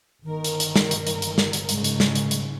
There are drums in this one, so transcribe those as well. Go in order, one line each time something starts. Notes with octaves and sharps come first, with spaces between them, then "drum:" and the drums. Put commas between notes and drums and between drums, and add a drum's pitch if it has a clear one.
G1 D#3 A#4
drum: hi-hat
drum: hi-hat
drum: snare
drum: hi-hat
drum: hi-hat
drum: hi-hat
drum: snare
drum: hi-hat
G#2 C#3 G#3, drum: hi-hat
drum: hi-hat
drum: snare
drum: hi-hat
drum: hi-hat